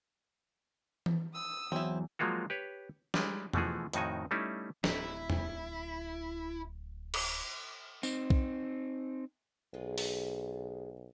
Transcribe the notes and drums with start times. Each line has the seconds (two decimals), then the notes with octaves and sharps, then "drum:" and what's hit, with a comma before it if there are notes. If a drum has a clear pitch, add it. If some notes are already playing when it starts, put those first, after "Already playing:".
1.06 drum: tom E3
1.34 D#6 E6
1.72 E2 F#3 C4 E4
2.19 F3 F#3 G#3 A#3 F4 F#4
2.50 G4 B4 C#5
3.14 G3 G#3, drum: snare
3.53 B2 E3 F3 A3 F#4 G#4, drum: tom E2
3.93 F2 A2 D#3 D#4 F#4 G#5, drum: hi-hat
4.31 G3 A3 C#4 D#4 E4
4.84 D1 E4, drum: snare
5.30 drum: tom E2
7.14 drum: cymbal
8.03 C4 D#4, drum: tambourine
8.30 drum: kick B1
9.74 B1 G#3 F4 G#4
9.98 drum: open hi-hat